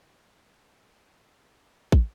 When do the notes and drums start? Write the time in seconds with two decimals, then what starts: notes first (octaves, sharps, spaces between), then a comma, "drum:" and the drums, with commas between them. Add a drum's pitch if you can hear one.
0.19 G#4 B4 C#5
1.92 drum: kick